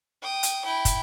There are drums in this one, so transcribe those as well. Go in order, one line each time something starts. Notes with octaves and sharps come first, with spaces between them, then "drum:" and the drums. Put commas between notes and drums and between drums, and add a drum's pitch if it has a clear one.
G5 D#6
drum: hi-hat
E4 G5
drum: kick, hi-hat